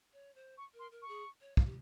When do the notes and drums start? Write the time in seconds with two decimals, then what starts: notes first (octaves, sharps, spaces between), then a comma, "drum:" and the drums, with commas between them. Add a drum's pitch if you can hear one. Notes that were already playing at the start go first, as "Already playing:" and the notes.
0.13 C#5
0.35 C5
0.58 C#6
0.74 A#4
0.79 C6
0.91 A#4
1.02 C#6
1.08 G#4
1.41 C#5
1.57 F5, drum: kick
1.66 G4